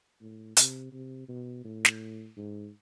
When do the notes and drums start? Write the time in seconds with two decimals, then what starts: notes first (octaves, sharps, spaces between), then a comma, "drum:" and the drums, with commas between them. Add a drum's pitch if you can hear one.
0.21 A2
0.57 C3, drum: hi-hat
0.92 C3
1.28 B2
1.64 A2
1.85 drum: snare
2.37 G#2